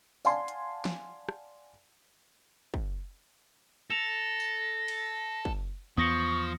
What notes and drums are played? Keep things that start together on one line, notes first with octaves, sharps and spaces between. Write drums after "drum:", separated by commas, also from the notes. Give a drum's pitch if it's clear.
D5 F5 F#5 G#5 A5 C6, drum: tambourine
drum: hi-hat
drum: snare
drum: rim click
drum: kick
A4 A#6 E7 F7
drum: tambourine
drum: cymbal
drum: kick
E2 F3 B3 C#6 D#6 A#6 C#7